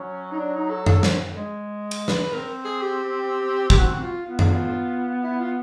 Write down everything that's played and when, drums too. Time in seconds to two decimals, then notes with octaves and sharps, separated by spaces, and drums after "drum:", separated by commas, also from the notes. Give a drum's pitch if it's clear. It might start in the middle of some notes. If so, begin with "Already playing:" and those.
Already playing: F#3 C#4
0.31 D#4
0.38 D4
0.55 D#4
0.70 A4
0.86 A4, drum: tom F#2
1.03 C5, drum: snare
1.35 G#3
1.91 drum: cymbal
2.08 B4, drum: snare
2.32 C4 A#4
2.65 G#4
2.81 G4
3.70 G4, drum: kick
3.78 F#4
4.02 F4
4.26 B3 F4
4.39 drum: tom F#2
5.23 E4
5.40 F4